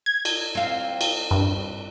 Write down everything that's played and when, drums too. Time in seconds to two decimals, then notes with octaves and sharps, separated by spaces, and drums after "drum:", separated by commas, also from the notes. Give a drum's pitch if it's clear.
0.06 G#6
0.25 drum: cymbal
0.55 C4 F5
1.01 drum: cymbal
1.31 G2